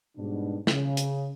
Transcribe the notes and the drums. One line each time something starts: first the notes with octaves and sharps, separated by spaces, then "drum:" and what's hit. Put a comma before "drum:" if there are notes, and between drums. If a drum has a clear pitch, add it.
G#2 B2 G3 D4
C#3, drum: snare
drum: hi-hat